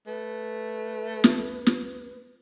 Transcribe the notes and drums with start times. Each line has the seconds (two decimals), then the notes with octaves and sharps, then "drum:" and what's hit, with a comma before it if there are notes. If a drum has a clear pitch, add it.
0.07 A3 B4
1.24 drum: snare
1.66 drum: snare